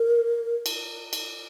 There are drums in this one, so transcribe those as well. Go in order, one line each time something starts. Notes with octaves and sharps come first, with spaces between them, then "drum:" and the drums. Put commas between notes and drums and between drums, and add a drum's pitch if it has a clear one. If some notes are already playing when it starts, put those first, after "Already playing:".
Already playing: A#4
drum: cymbal
drum: cymbal